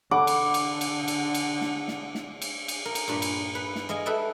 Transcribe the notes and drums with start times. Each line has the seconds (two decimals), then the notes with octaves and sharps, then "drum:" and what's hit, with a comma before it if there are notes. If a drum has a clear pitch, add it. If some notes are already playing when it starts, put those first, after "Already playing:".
0.11 D3 A4 F#5 D6
0.27 drum: cymbal
0.54 drum: cymbal
0.81 drum: cymbal
1.08 drum: cymbal
1.34 drum: cymbal
1.61 drum: snare
1.88 drum: snare
2.15 drum: snare
2.42 drum: cymbal
2.68 drum: cymbal
2.85 A#4
2.95 drum: cymbal
3.08 G2 A#2 B5
3.22 drum: cymbal
3.55 B4
3.76 drum: snare
3.89 G#3 D#5 F5 G#5
4.06 G#4 A4 B4 E5 G5 A5